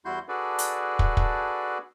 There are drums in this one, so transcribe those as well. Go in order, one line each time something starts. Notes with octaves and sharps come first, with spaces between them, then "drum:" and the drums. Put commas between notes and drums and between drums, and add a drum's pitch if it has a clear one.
E2 G3 E4 F#4 C6 G6
D4 F#4 G#4 A4 B4 D5
drum: hi-hat
drum: kick
drum: kick